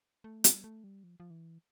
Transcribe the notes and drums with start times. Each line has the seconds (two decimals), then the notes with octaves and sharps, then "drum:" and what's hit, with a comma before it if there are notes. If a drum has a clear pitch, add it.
0.24 A3
0.44 G3, drum: hi-hat
0.64 A3
0.84 G3
1.04 F3
1.20 F3
1.30 E3